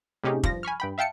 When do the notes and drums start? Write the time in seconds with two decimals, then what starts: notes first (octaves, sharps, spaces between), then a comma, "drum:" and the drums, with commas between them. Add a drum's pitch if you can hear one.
0.23 A2 C3 C#4 D#4 G4 G#4
0.43 G2 F3 A#6, drum: kick
0.63 G#5 B5 C#6 F6
0.80 G2 G5 B5
0.98 E5 F5 G5 A5 C#7